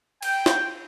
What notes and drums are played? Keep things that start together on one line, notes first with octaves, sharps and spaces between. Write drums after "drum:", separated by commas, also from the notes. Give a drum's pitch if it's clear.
G5, drum: cymbal
drum: snare